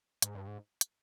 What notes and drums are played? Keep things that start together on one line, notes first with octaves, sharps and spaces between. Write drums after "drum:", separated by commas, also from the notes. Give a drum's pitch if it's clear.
G#2, drum: hi-hat
G2
G#2
drum: hi-hat